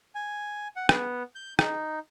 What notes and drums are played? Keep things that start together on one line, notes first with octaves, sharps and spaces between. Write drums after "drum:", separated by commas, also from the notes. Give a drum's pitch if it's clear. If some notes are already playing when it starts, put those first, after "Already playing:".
G#5
F#5
B3, drum: rim click
G6
D#4, drum: rim click